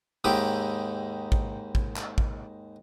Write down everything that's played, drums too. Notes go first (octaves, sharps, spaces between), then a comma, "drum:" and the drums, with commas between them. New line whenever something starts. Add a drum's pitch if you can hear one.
D#2 G#2 D#3 E4 G4 D6
drum: kick A1
drum: kick A1
drum: clap
drum: kick A1